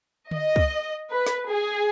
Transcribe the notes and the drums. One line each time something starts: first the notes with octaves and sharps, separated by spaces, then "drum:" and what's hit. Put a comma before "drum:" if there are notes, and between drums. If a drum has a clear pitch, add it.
D#5, drum: tom D3
drum: kick
B4
drum: snare
G#4